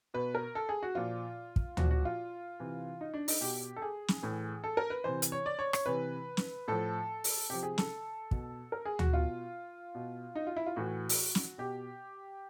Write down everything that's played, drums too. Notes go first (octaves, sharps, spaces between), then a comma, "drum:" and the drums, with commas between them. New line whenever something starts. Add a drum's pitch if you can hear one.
B2 B4
A#4
A4
G#4
F#4
A#2 F3 F4
drum: kick
A#2 F3 F#4, drum: tom D2
F#4
F4
C3 E3
D#4
D4
D#4, drum: open hi-hat
B2 G4
A4
G#4
drum: snare
A2 E3
A4
A#4
B4
C3 E3 C5
drum: hi-hat
C#5
D5
C#5
C#5, drum: rim click
C3 E3 B4
drum: snare
A2 F3 A4
drum: open hi-hat
C3 F3 G4
G#4
A4, drum: snare
B2, drum: kick
A#4
G#4
F#4, drum: tom D2
B2 F4
B2
D#4
F4
E4
F4
A2 E3 F#4
drum: open hi-hat
drum: snare
B2 G4